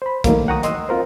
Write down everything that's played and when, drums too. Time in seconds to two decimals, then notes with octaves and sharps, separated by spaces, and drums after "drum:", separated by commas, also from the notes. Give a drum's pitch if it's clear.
0.02 C5 B5
0.24 D#3 F#3 A3 A#3, drum: kick, hi-hat
0.48 F#5 G5 A#5 C#6 D#6
0.63 D#5 C6 D#6 E6, drum: hi-hat
0.89 C4 F4 A#4 C5